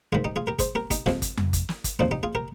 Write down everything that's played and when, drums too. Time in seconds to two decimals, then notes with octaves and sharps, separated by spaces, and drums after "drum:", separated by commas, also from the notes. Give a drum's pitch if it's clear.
0.13 G#2 D#3 G#3 F4 G#4
0.24 D#4 G4
0.36 F4 G#4
0.47 G4 A#4
0.59 G#4 C5, drum: kick, hi-hat
0.75 G4 A#4
0.91 D#4 G4, drum: kick, hi-hat
1.06 F2 C3 F3 G#3, drum: snare
1.22 drum: kick, hi-hat
1.37 drum: tom F2
1.53 drum: kick, hi-hat
1.69 drum: snare
1.84 drum: kick, hi-hat
1.99 D#2 C#3 F3 C4 D#4
2.11 D#4 G4
2.23 F4 G#4
2.35 G4 A#4